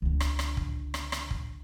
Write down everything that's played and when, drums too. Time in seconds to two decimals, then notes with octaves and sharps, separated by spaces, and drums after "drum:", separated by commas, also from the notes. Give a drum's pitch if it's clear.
0.02 C#2 D3
0.20 drum: rim click
0.39 drum: rim click
0.57 drum: kick
0.94 drum: rim click
1.12 drum: rim click
1.31 drum: kick